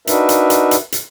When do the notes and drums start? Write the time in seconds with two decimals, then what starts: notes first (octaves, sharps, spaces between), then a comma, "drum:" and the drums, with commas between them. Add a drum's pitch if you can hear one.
0.07 D4 D#4 F#4 A#4 B4 E5, drum: hi-hat
0.29 drum: hi-hat
0.50 drum: hi-hat
0.71 drum: hi-hat
0.92 drum: hi-hat